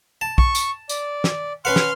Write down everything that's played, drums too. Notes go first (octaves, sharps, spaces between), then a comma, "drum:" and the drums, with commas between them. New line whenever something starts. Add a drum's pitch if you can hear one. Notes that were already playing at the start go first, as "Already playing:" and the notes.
A5
C#6, drum: kick
drum: tambourine
D5, drum: tambourine
drum: snare
C#4 B4 F#5 C6 F6
drum: snare